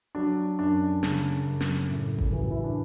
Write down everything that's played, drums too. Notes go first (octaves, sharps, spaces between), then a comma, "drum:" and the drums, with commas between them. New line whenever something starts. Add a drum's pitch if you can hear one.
F#3 D4
F#2 D4
C#3, drum: snare
F#2
drum: snare
A2
drum: kick G#1
E3
F#4
E4
D4